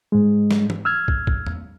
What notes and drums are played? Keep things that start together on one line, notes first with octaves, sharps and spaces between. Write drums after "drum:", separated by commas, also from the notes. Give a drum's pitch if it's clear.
G#2 G#3
drum: snare
drum: tom
E6 F6 G#6
drum: kick
drum: kick
drum: tom E2